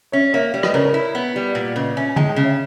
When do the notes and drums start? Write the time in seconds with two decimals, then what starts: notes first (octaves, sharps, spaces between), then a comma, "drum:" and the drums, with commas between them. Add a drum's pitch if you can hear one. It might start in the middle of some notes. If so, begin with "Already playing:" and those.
0.12 C#4 C#5 E5
0.33 A#3 C#5 E5
0.54 G3
0.63 B4 D#5, drum: rim click
0.74 C#3 A#4 C#5
0.84 A#4 C#5
0.94 E4
1.15 B3
1.36 G3
1.55 A#2
1.76 C#3 B4 D#5
1.96 C#4 E5 G#5
2.09 G#5
2.16 G#3 G5 A#5, drum: tom D3
2.30 D#5 G5
2.36 C#3
2.44 C#5 E5